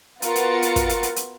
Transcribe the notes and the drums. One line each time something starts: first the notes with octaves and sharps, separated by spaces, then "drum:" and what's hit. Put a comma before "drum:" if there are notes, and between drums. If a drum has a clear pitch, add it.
B3 F4 F#4 A#4 A6 C#7, drum: hi-hat
drum: hi-hat
drum: hi-hat
drum: kick, hi-hat
drum: hi-hat
drum: hi-hat
drum: hi-hat